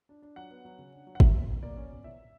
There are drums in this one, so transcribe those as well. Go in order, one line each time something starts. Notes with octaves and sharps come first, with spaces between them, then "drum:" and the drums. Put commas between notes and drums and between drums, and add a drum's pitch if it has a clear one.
D4
D4
F#3 F#5
B3
F#3
C#3
D4
F#3
F#5
A#3 E5, drum: kick
B2
B2
A#3 D5
C#4
B2
E2 E5